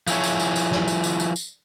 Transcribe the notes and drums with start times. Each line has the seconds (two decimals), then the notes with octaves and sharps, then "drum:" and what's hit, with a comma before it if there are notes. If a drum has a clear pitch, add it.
0.07 F3 E4 G#4 C#5, drum: tambourine
0.23 drum: tambourine
0.40 drum: tambourine
0.56 drum: tambourine
0.72 drum: snare
0.88 drum: tambourine
1.04 drum: tambourine
1.20 drum: tambourine
1.36 drum: tambourine